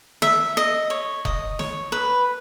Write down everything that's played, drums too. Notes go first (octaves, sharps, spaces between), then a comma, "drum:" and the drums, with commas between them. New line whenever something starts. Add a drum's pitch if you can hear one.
E5, drum: snare
D#5
C#5
D#5, drum: kick F1
C#5, drum: snare
B4